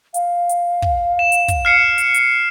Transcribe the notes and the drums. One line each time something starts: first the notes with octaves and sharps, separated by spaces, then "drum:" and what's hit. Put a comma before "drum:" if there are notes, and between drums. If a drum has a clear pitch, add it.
F5, drum: hi-hat
drum: hi-hat
drum: kick
E7
drum: hi-hat
drum: kick, hi-hat
F6 C7 C#7
drum: hi-hat
drum: hi-hat